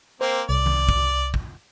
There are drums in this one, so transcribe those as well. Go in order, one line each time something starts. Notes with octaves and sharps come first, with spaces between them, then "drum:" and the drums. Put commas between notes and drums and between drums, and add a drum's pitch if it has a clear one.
A#3 C4 C5
C2 D5
drum: tom D#3
drum: kick
drum: kick